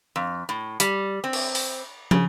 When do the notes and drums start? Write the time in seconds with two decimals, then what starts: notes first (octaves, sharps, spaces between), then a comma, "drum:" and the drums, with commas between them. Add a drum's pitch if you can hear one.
0.16 F2
0.49 A2
0.80 G3, drum: hi-hat
1.24 C4
1.33 drum: cymbal
1.55 drum: open hi-hat
2.11 C#3, drum: tom